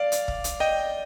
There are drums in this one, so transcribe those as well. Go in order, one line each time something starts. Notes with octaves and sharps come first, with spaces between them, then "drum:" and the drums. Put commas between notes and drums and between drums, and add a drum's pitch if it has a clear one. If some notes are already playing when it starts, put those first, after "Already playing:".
Already playing: D5 F5
drum: hi-hat
drum: kick
drum: hi-hat
D#5 G5